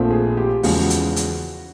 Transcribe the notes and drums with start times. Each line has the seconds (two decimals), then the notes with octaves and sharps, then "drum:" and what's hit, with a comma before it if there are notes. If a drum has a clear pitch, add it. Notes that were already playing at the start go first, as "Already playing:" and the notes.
Already playing: A#1 A#2 F3 A3 C4
0.11 G#4
0.37 G4
0.63 E2 C#3 F3 G#3 F#4, drum: open hi-hat
0.90 drum: hi-hat
1.16 drum: hi-hat